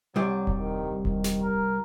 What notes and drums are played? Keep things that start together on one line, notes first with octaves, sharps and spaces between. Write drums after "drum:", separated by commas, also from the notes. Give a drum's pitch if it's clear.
C2 F#3 G3
drum: kick D#1
D#3
D#3, drum: kick D#1
drum: snare
A#4